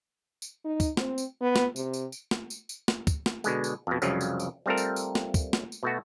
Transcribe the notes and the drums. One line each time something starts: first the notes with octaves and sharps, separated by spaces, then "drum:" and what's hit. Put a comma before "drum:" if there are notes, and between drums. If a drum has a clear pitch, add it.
drum: tambourine
D#4
drum: kick, tambourine
C4, drum: snare
drum: tambourine
B3
drum: snare
C3, drum: tambourine
drum: tambourine
drum: tambourine
drum: snare
drum: tambourine
drum: tambourine
drum: snare
drum: kick, tambourine
drum: snare
B2 D3 G#3, drum: tambourine
drum: tambourine
F2 B2
C2 F2 C#3 F3 F#3, drum: tambourine
drum: tambourine
drum: tambourine
G3 A3 C4 F4 A4 A#4
drum: tambourine
drum: tambourine
drum: snare
drum: kick, tambourine
drum: snare
drum: tambourine
B2 A3 F#4